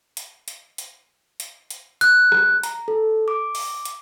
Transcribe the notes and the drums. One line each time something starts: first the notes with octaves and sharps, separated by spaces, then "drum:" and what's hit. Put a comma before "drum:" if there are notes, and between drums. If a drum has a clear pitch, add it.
drum: hi-hat
drum: hi-hat
drum: hi-hat
drum: hi-hat
drum: hi-hat
F#6, drum: hi-hat
drum: rim click
A#5, drum: hi-hat
A4
D6
drum: open hi-hat
drum: hi-hat